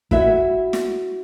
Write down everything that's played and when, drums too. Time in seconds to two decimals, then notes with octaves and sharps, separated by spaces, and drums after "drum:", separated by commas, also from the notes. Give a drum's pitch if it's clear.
0.11 E4 F#4 E5, drum: kick
0.73 drum: snare